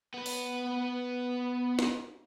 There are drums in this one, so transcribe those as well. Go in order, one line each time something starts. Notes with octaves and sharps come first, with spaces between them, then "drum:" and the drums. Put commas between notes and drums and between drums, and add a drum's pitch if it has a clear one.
B3 B4
drum: open hi-hat
drum: snare